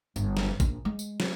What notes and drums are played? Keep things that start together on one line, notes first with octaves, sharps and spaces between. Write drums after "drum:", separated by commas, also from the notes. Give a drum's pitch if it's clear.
G1, drum: tambourine
drum: snare
A#1, drum: kick, tambourine
G#3
drum: tambourine
drum: snare